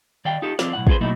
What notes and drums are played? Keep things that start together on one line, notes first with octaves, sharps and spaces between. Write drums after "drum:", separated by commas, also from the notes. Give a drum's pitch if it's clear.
D#3 D5 F5 G5
D#4 F4 G4 A4
F3 C4 D4 F4 D5, drum: snare
B1 F2 A2 F#5
C#4 F4 G#4 A4 B4 C5, drum: kick
B2 F#3 A3 A#3 D#4 E4